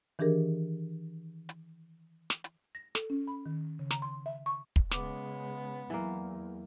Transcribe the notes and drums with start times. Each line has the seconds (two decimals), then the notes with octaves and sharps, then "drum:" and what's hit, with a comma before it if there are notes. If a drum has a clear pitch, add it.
0.19 D#3 E3 D4 G4 G#4 A#4
1.49 drum: hi-hat
2.30 drum: snare
2.44 drum: hi-hat
2.75 A#6
2.95 A4, drum: snare
3.10 C#4
3.27 B5
3.46 D#3
3.79 C#3
3.91 A#5, drum: snare
4.02 C6
4.26 E5
4.46 C#6
4.76 drum: kick
4.91 C#3 G#3 B3 D6, drum: snare
5.90 E2 E3 F#3 A#3